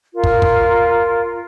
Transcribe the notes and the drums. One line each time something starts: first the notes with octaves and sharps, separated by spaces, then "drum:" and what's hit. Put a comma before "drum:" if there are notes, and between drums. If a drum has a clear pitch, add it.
F4 A#4
drum: kick
drum: kick